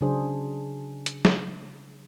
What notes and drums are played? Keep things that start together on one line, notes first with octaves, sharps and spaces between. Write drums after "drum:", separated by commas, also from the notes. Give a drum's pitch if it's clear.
C#3 F#3 D4 G#4 C5
drum: hi-hat
drum: snare